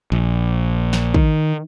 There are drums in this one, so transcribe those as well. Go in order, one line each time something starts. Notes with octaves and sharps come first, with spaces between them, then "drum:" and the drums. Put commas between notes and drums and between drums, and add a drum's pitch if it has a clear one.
A#1
drum: snare
D#3, drum: kick